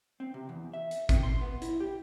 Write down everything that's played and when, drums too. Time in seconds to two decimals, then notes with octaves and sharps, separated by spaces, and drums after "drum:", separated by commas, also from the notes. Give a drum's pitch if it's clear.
0.20 C4
0.34 C3
0.49 E2
0.73 E5
0.91 drum: hi-hat
1.09 C4, drum: kick G#1, hi-hat
1.23 C6
1.41 B3
1.62 E4, drum: hi-hat
1.80 G4